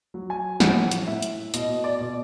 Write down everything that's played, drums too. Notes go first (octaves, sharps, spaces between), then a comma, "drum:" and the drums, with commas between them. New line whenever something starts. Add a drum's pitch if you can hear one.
F#3
G#5
A2 F#5, drum: snare
drum: hi-hat
A2 E5
drum: hi-hat
B2 D#5, drum: hi-hat
D5
B2